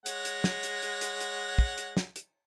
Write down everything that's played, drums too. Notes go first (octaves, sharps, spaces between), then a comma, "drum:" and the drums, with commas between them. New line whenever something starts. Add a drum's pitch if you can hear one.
G#3 C#5 F#5, drum: hi-hat
drum: hi-hat
drum: snare
drum: hi-hat
drum: hi-hat
drum: hi-hat
drum: hi-hat
drum: kick
drum: hi-hat
drum: snare
drum: hi-hat